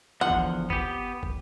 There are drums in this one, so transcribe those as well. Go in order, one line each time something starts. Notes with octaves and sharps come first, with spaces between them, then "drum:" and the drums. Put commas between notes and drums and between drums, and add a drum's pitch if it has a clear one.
E2 D3 F3 F#5
drum: kick
B3 G4, drum: kick
drum: kick